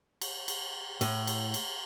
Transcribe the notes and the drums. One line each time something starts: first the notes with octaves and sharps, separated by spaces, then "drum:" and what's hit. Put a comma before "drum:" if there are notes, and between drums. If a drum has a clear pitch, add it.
drum: cymbal
drum: cymbal
A2, drum: cymbal
drum: cymbal
drum: cymbal